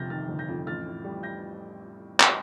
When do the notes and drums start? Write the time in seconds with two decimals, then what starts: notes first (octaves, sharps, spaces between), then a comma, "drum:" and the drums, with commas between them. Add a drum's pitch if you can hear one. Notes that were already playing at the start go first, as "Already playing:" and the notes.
Already playing: G1 F2 C3 F6 G6 A6 A#6
0.10 D#3 F6 A6
0.29 G1
0.39 G6 A#6
0.48 F2
0.67 A1 F6 A6
0.86 A2
1.04 G3
1.23 G6 A#6
2.20 drum: clap